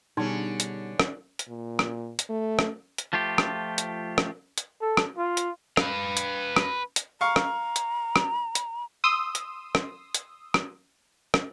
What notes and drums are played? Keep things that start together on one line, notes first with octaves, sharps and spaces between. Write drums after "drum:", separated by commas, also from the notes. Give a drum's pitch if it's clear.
B2 D3 G3 C#4 D#4 G#4
drum: hi-hat
drum: rim click
drum: hi-hat
A#2
drum: rim click
drum: hi-hat
A3
drum: rim click
drum: hi-hat
F3 A3 F4 G4
drum: rim click
drum: hi-hat
drum: rim click
drum: hi-hat
A4
drum: rim click
F4
drum: hi-hat
B4 F5, drum: rim click
drum: hi-hat
drum: rim click
drum: hi-hat
F5 A#5 C#6
drum: rim click
drum: hi-hat
drum: rim click
drum: hi-hat
C6 D#6 E6
drum: hi-hat
drum: rim click
drum: hi-hat
drum: rim click
drum: rim click